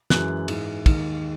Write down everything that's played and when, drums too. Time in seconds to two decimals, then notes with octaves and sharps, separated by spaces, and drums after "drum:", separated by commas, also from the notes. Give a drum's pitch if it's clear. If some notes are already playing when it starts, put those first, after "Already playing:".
0.10 F#2 E3 G#3 F#6, drum: snare
0.48 G#2 E3 G#3, drum: cymbal
0.86 D#2 D#3 G#3, drum: kick, cymbal